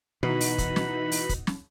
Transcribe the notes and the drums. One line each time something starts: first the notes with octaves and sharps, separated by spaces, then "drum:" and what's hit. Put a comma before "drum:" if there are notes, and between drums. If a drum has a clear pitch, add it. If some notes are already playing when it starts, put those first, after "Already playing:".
B2 E3 D#4 F#4 B4 B5, drum: tom
drum: open hi-hat
drum: kick, hi-hat
drum: snare
drum: open hi-hat
drum: kick, hi-hat
drum: snare